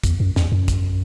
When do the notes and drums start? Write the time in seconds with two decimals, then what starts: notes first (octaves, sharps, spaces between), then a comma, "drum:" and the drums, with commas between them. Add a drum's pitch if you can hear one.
0.04 E2, drum: kick, hi-hat
0.20 F#2
0.36 E2, drum: snare
0.52 F#2
0.68 drum: kick, hi-hat